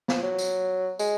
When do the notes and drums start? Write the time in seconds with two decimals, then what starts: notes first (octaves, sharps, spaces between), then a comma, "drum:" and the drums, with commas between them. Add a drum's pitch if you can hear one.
0.08 F3, drum: snare
0.23 F#3
0.38 drum: tambourine
0.99 G#3, drum: tambourine